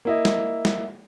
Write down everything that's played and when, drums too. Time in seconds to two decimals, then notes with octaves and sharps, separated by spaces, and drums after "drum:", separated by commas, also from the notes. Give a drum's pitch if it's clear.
0.05 A#3 E4 D#5
0.25 drum: snare
0.65 drum: snare